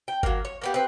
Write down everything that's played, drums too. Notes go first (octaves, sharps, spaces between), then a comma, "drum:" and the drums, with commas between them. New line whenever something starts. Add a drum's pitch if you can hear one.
G5
F#3 A#3, drum: kick G1
C#5
A#3 B3 G4
C4 B4